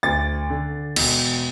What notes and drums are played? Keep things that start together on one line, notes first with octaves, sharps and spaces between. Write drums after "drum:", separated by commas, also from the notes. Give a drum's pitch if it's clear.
D2 A6
D3
E1, drum: cymbal